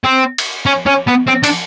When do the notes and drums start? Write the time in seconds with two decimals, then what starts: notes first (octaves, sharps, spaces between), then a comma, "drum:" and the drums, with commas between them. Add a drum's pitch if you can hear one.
0.04 C4
0.38 drum: cymbal
0.66 C#4
0.87 C#4
1.08 B3
1.28 C4
1.44 D4, drum: cymbal